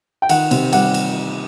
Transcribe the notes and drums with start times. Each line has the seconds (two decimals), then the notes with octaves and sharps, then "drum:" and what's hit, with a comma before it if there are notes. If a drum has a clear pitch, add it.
0.22 G5
0.29 D#3 F#5, drum: cymbal
0.51 C3, drum: cymbal
0.73 G3 F#5, drum: cymbal
0.94 drum: cymbal